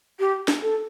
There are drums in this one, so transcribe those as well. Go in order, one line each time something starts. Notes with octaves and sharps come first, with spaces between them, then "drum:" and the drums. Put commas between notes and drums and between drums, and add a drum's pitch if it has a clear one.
G4
drum: snare
A4